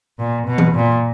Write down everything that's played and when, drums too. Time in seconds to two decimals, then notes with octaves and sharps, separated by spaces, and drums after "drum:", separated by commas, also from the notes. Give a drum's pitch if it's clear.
0.19 A#2
0.47 B2
0.58 drum: tom E3
0.75 A#2